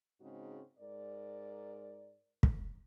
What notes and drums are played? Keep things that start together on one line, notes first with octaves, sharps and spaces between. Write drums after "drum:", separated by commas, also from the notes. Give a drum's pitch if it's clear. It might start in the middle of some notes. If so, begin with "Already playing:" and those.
G#2 C#3 C4 D#4 F#4
G#2 A#4 D5
drum: kick